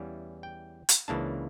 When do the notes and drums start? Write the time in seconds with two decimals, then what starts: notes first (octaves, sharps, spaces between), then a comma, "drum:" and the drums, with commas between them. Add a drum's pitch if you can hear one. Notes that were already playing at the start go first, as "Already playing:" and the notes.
Already playing: E2 E3 G3 C#4 F5
0.43 G5
0.89 drum: hi-hat
1.08 C#2 C#3 E3 A#3 D4 A5